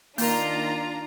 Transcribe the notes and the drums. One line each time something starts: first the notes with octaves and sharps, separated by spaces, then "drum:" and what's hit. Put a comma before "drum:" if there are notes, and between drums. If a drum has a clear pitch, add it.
D#3 A#3 D4 F4 A#4 A#5, drum: open hi-hat